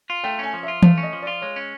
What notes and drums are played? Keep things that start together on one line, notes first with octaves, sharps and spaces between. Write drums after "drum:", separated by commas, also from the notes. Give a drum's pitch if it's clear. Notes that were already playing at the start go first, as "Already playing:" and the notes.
F4
A3 G5
C#4 G#5
F3
E5
F4
A3 F5, drum: tom E3
C#4
D#5
F3
F4 D5
G#3 C#5
C#4